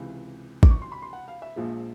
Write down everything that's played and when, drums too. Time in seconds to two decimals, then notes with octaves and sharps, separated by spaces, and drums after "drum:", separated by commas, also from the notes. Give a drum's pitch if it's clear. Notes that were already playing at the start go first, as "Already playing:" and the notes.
Already playing: C#2 C3 E3
0.63 D6, drum: kick
0.70 C#6
0.82 C6
0.92 B5
1.02 C6
1.13 F#5
1.28 F5
1.42 E5
1.56 A#1 A#2 F3 G#3